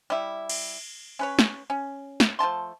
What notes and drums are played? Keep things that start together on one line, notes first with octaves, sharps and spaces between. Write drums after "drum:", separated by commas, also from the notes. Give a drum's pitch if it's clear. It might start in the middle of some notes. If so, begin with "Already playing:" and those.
G3 E4
drum: cymbal
C#4 B4 C#5
drum: snare
C#4
drum: snare
F3 A3 A5 C6